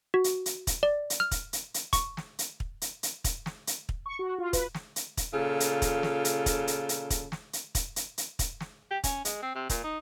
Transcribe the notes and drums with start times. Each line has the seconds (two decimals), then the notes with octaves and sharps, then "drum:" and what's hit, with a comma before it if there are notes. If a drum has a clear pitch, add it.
0.14 F#4
0.24 drum: hi-hat
0.46 drum: hi-hat
0.67 drum: kick, hi-hat
0.83 D5
1.10 drum: hi-hat
1.20 F6
1.31 drum: kick, hi-hat
1.53 drum: hi-hat
1.74 drum: hi-hat
1.93 C#6, drum: kick, hi-hat
2.17 drum: snare
2.39 drum: hi-hat
2.60 drum: kick
2.82 drum: hi-hat
3.03 drum: hi-hat
3.24 drum: kick, hi-hat
3.46 drum: snare
3.67 drum: hi-hat
3.89 drum: kick
4.06 C#6
4.19 F#4
4.38 F4
4.53 B4, drum: kick, hi-hat
4.75 drum: snare
4.96 drum: hi-hat
5.17 drum: kick, hi-hat
5.33 A#2 C#3 F4 A4
5.60 drum: hi-hat
5.82 drum: kick, hi-hat
6.03 drum: snare
6.25 drum: hi-hat
6.46 drum: kick, hi-hat
6.67 drum: hi-hat
6.89 drum: hi-hat
7.10 drum: kick, hi-hat
7.32 drum: snare
7.53 drum: hi-hat
7.75 drum: kick, hi-hat
7.96 drum: hi-hat
8.18 drum: hi-hat
8.39 drum: kick, hi-hat
8.60 drum: snare
8.91 G4
9.04 C#4, drum: kick, hi-hat
9.25 G#3, drum: hi-hat
9.42 C4
9.55 C3
9.69 A#2, drum: kick, hi-hat
9.84 D#4